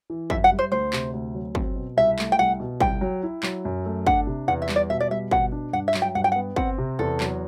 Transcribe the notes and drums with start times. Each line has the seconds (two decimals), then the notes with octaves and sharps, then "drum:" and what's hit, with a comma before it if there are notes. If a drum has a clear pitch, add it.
0.10 E3
0.30 F#2 E5, drum: kick
0.44 F#5
0.52 G3
0.59 C5
0.72 D2 C5
0.93 C3, drum: clap
1.14 D2
1.35 F#3
1.55 C4, drum: kick
1.76 B2
1.97 C2 E5
2.19 A3, drum: clap
2.32 G5
2.39 C2 F#5
2.60 B2
2.80 C2 G5, drum: kick
3.01 F#3
3.23 E4
3.43 F#3, drum: clap
3.65 F#2
3.86 A3
4.07 D4 F#5, drum: kick
4.27 C3
4.48 E2 F#5
4.62 E5
4.69 G3, drum: clap
4.76 D5
4.90 B2 E5
5.00 D5
5.10 G3 E5
5.31 B2 F#5, drum: kick
5.52 D4
5.73 G2 F#5
5.88 E5
5.94 F#3, drum: clap
6.02 G5
6.15 G2 F#5
6.24 G5
6.32 F#5
6.36 B3
6.56 C4 F#5, drum: kick
6.78 C3
6.99 E2 A4
7.20 F#3, drum: clap